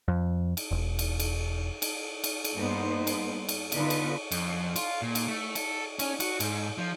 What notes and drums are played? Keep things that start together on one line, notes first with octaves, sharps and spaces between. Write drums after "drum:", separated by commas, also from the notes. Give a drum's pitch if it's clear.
F2
drum: cymbal
E1
drum: cymbal
drum: cymbal
drum: cymbal
drum: cymbal
drum: cymbal
G2 A#3 B3 D#4 C5
drum: cymbal
drum: cymbal
D3 B3 D#4 F4 B4, drum: cymbal
drum: cymbal
F2, drum: cymbal
F4, drum: cymbal
A#2
drum: cymbal
A3
A4, drum: cymbal
C#4, drum: cymbal
F#4, drum: cymbal
G#2, drum: cymbal
F3